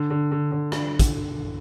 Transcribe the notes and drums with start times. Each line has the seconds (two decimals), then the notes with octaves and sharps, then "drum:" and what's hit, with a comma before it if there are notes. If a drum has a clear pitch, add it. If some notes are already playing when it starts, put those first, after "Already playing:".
Already playing: D3
0.10 D3
0.32 D3
0.52 D3
0.72 D3, drum: rim click
1.00 drum: kick, hi-hat